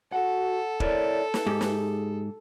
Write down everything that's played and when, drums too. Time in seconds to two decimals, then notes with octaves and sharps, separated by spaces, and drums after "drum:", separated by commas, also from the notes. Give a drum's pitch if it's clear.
0.12 F#4 A4 F#5
0.80 E4 A#4 C#5 D5, drum: kick
1.34 drum: snare
1.47 G#2 G4 G#4
1.61 drum: snare